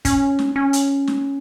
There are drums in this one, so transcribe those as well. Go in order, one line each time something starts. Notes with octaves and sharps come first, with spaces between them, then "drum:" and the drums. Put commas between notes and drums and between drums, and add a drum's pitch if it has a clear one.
C#4, drum: kick, hi-hat
drum: snare
C#4
drum: hi-hat
drum: snare